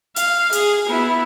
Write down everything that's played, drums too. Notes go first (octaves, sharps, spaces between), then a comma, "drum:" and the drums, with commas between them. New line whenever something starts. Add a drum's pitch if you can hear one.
F5, drum: hi-hat
G#4, drum: hi-hat
B3 E4